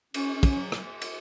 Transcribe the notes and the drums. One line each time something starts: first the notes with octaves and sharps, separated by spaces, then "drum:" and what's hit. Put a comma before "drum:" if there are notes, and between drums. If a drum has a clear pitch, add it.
C#4, drum: cymbal
C#4
drum: kick, cymbal
F#3
drum: rim click
drum: cymbal